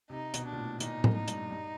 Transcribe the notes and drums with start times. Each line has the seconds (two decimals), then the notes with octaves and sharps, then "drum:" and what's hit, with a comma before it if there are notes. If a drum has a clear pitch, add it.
0.10 C3 D#4
0.34 B2, drum: hi-hat
0.45 D4
0.53 A#2
0.57 A2
0.80 A#2 D#4, drum: hi-hat
1.04 A2, drum: tom A2
1.15 D#4
1.28 G2, drum: hi-hat
1.51 G2